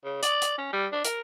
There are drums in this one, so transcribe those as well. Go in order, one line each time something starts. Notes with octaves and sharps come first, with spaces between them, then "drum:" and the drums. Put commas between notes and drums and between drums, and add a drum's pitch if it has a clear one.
C#3
D5, drum: hi-hat
drum: hi-hat
C#4
G3
D4
A#4, drum: hi-hat